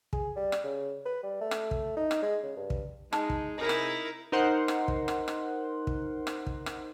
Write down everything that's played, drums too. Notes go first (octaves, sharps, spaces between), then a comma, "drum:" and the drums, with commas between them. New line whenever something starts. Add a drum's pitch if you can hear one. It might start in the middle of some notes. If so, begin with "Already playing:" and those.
G#4, drum: kick
G3
drum: rim click
C#3
B4
G3
A3
drum: rim click
drum: kick
D#4
drum: rim click
G#3
C#3
G2
drum: kick
G#3 D#4 A5, drum: rim click
drum: kick
C3 D#4 E4 G#4 A#4 D#5
drum: rim click
D#4 A#4 C5 F#5 C6
drum: rim click
drum: kick
drum: rim click
drum: rim click
drum: kick
drum: rim click
drum: kick
drum: rim click